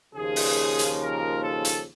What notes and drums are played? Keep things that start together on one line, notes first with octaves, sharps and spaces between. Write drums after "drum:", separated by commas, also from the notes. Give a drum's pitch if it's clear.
D#2 C#3 F3 G#4
drum: open hi-hat
drum: hi-hat
A#4
A4
drum: hi-hat